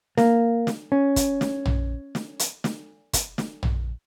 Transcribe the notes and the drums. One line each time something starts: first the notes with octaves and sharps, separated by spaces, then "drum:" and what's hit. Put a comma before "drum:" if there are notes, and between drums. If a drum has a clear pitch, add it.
A#3, drum: snare
drum: snare
C#4
drum: kick, hi-hat
drum: snare
drum: tom A#1
drum: snare
drum: hi-hat
drum: snare
drum: kick, hi-hat
drum: snare
drum: tom A#1